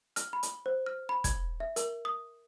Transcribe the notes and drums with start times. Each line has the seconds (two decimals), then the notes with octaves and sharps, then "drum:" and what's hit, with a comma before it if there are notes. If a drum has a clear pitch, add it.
0.16 F6, drum: hi-hat
0.33 B5
0.43 drum: hi-hat
0.66 C5
0.86 F6
1.09 B5
1.24 G#6, drum: kick, hi-hat
1.60 E5
1.76 A#4, drum: hi-hat
2.05 D#6